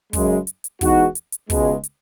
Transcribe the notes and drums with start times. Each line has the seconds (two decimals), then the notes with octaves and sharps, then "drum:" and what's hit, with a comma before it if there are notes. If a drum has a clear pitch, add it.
0.13 F#2 C#3 G#3, drum: kick, open hi-hat
0.47 drum: hi-hat
0.64 drum: hi-hat
0.81 E2 B2 G#3 D#4 F#4, drum: kick, open hi-hat
1.15 drum: hi-hat
1.32 drum: hi-hat
1.50 C#2 B2 G#3, drum: kick, open hi-hat
1.84 drum: hi-hat